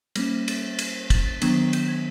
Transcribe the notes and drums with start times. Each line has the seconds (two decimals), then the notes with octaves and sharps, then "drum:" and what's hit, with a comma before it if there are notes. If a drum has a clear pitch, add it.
0.15 G3 A#3 C#4 A#6, drum: cymbal
0.48 A6, drum: cymbal
0.73 A6
0.79 G#6, drum: cymbal
1.10 A6, drum: kick, cymbal
1.26 A6
1.42 D#3 F#3 B3 D4 G#6, drum: cymbal
1.73 G6, drum: cymbal
1.89 G#6